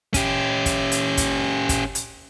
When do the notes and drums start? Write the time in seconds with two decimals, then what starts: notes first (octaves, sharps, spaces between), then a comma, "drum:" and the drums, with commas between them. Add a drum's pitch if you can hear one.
0.14 C#4 G4, drum: kick, hi-hat
0.66 drum: kick, hi-hat
0.92 drum: hi-hat
1.17 drum: kick, hi-hat
1.69 drum: kick, hi-hat
1.95 drum: hi-hat